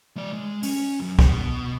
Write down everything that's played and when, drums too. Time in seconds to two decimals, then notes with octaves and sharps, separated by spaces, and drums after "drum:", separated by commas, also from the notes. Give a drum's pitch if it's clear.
0.16 G#3 D5
0.33 G#3
0.63 C#4, drum: open hi-hat
1.00 F#2
1.19 B2, drum: kick